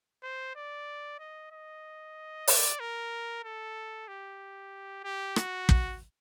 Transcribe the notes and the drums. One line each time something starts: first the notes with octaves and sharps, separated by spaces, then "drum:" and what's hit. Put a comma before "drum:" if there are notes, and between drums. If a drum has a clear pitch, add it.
C5
D5
D#5
D#5
D5, drum: open hi-hat
A#4
A4
G4
G4
F#4, drum: rim click
drum: kick